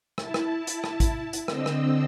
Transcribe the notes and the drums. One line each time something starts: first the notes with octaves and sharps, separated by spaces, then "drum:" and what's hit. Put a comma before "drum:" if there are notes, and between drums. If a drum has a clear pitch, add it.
E4 A5, drum: rim click
drum: rim click
drum: hi-hat
drum: rim click
drum: kick, hi-hat
drum: hi-hat
D3 C4 D#5 E6, drum: rim click
drum: rim click